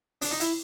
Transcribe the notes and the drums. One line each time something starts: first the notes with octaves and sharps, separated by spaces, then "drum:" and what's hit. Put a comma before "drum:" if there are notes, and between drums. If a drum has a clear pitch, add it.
D4, drum: open hi-hat
D#4
E4, drum: hi-hat